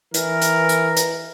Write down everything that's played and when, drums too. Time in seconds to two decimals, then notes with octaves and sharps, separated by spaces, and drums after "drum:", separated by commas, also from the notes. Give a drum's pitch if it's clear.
0.14 E3 A#4, drum: hi-hat
0.42 drum: hi-hat
0.69 drum: hi-hat
0.97 drum: hi-hat